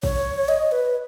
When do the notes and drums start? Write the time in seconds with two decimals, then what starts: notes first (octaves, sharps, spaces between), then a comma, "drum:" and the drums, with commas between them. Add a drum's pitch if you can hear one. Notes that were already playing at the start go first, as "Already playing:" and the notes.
0.03 C#5, drum: kick
0.49 D#5
0.72 B4